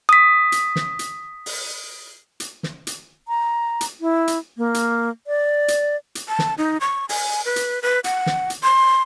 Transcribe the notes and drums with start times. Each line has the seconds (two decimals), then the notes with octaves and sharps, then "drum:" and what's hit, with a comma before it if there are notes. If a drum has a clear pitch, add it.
0.09 D#6 B6
0.52 drum: hi-hat
0.76 drum: snare
0.99 drum: hi-hat
1.46 drum: open hi-hat
2.40 drum: hi-hat
2.63 drum: snare
2.87 drum: hi-hat
3.28 A#5
3.81 drum: hi-hat
4.01 E4
4.28 drum: hi-hat
4.57 A#3
4.74 drum: hi-hat
5.27 D5
5.68 drum: hi-hat
6.15 drum: hi-hat
6.28 A5
6.39 drum: snare
6.58 D#4
6.81 C#6
7.09 G#5, drum: open hi-hat
7.45 B4
7.56 drum: hi-hat
7.82 B4
8.04 F#5, drum: hi-hat
8.26 drum: snare
8.50 drum: hi-hat
8.63 C6